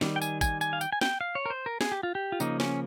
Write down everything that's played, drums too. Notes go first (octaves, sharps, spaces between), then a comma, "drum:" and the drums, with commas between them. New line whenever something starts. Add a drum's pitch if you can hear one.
D#3 G3, drum: snare
G5
G#5, drum: tambourine
G#5, drum: kick, tambourine
G#5, drum: tambourine
F5
G5, drum: tambourine
G#5
G5, drum: snare
F5
C#5
A#4
C5
A#4
G#4, drum: snare
G4
F4
G4
F4
C#3 F3 A#3 D#4, drum: tambourine
C#4, drum: snare